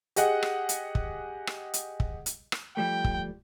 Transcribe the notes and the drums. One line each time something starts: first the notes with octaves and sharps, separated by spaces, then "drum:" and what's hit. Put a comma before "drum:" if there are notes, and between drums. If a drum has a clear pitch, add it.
G4 G#4 D#5 F#5, drum: hi-hat
drum: rim click
drum: hi-hat
drum: kick
drum: rim click
drum: hi-hat
drum: kick
drum: hi-hat
drum: rim click
F3 G3 A3 G5
drum: kick